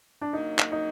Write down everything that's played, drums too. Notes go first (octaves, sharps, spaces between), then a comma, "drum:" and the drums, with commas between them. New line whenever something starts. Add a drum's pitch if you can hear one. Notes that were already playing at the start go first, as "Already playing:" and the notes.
D4
C#3 F#3 A#3 D#4
drum: clap
D#4